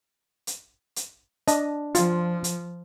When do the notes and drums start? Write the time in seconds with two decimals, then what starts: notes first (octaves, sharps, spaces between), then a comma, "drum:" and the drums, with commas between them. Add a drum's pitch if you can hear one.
0.47 drum: hi-hat
0.96 drum: hi-hat
1.48 D4 D#5 A5, drum: hi-hat
1.95 F3 F4, drum: hi-hat
2.44 drum: hi-hat